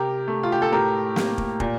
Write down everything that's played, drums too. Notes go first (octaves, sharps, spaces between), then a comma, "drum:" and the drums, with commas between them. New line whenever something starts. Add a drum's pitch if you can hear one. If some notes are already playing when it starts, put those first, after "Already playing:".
Already playing: C3 G4 A#4
A3
F4
G4
A4
A2 G4 A#4
A#3, drum: snare
drum: kick
A#2, drum: kick